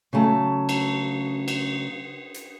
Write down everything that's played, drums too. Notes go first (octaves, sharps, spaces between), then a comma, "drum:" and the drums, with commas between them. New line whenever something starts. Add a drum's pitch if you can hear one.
C#3 F#3 A3 A5
drum: cymbal
drum: cymbal
drum: hi-hat